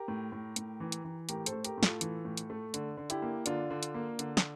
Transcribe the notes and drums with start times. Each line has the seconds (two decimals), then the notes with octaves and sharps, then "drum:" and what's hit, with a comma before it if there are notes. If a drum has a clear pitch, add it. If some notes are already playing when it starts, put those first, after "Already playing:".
Already playing: G4 A#4
0.08 A2
0.32 A2
0.56 A2, drum: hi-hat
0.80 E3
0.92 drum: hi-hat
1.05 E3
1.29 A2 G4 A#4, drum: hi-hat
1.46 A4 C5, drum: hi-hat
1.53 A3
1.65 G4 A#4, drum: hi-hat
1.78 A2
1.83 F4 A4, drum: snare
2.01 E3, drum: hi-hat
2.25 A2
2.37 drum: hi-hat
2.50 A3
2.74 D3, drum: hi-hat
2.97 D3
3.10 E4 G4, drum: hi-hat
3.22 A#3
3.46 D3 D4 F4, drum: hi-hat
3.70 D3
3.83 drum: hi-hat
3.94 A#3
4.19 D3, drum: hi-hat
4.37 drum: snare